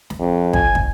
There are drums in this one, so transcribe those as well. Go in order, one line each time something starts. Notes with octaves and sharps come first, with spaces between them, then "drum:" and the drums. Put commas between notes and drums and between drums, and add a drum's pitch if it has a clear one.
drum: snare
F2
G#5, drum: kick
drum: kick